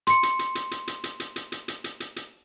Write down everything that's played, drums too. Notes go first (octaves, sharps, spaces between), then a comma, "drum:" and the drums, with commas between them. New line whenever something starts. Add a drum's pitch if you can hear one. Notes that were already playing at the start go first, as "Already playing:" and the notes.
C6 C#7, drum: hi-hat
drum: hi-hat
drum: hi-hat
drum: hi-hat
drum: hi-hat
drum: hi-hat
drum: hi-hat
drum: hi-hat
drum: hi-hat
drum: hi-hat
drum: hi-hat
drum: hi-hat
drum: hi-hat
drum: hi-hat